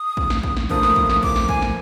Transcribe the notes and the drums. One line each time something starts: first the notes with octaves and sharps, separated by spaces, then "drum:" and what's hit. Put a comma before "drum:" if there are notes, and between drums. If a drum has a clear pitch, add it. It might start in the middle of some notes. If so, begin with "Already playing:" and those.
Already playing: D#6
drum: kick
drum: snare
drum: kick
drum: snare
A2 F3 A#3 D4 D#6, drum: kick
drum: snare
drum: kick
drum: snare
D6, drum: kick
drum: snare
G#5, drum: kick
drum: snare